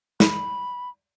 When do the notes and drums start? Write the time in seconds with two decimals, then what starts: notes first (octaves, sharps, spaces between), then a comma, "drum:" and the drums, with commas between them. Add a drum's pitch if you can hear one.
0.20 B5, drum: snare